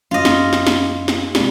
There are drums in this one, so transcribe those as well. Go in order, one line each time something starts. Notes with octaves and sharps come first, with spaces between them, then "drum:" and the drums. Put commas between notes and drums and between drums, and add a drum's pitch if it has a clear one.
F#2 F4 D#5
drum: snare
drum: snare
drum: snare
drum: snare
C2 G3 G#3, drum: snare